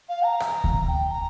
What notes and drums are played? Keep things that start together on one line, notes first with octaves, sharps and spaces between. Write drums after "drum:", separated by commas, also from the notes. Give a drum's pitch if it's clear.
F5
A#5
drum: rim click
drum: kick D2
G5
A#5